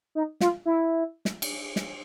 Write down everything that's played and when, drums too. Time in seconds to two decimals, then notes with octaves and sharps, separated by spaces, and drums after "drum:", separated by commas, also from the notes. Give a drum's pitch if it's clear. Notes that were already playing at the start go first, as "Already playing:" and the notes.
0.15 D#4
0.40 F4, drum: snare
0.65 E4
1.25 drum: snare
1.42 drum: cymbal
1.76 drum: snare